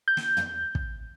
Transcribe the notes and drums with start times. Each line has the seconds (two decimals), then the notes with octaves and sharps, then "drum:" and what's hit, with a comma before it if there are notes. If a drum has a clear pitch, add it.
0.08 G6
0.17 drum: snare
0.37 drum: tom
0.75 drum: kick